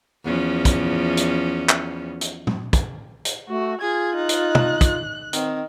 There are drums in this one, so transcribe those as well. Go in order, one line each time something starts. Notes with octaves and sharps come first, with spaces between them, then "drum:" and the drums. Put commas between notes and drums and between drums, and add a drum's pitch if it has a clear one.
E2 F3 C#4
drum: kick, hi-hat
drum: hi-hat
drum: clap
drum: hi-hat
drum: tom
drum: kick, hi-hat
drum: hi-hat
A3 F#4
F4 G#4 G#6
D#4 F#6
drum: hi-hat
drum: tom
drum: kick, hi-hat
D#3 C4, drum: hi-hat